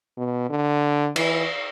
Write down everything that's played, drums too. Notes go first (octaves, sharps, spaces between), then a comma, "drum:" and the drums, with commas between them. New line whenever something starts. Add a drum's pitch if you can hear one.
B2
D3
E3, drum: cymbal